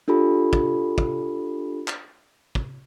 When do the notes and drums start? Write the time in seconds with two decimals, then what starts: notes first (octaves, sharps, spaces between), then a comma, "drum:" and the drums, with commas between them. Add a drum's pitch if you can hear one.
0.08 D4 F4 G4 A4 B5
0.53 drum: kick
0.98 drum: kick
1.88 drum: clap
2.55 drum: kick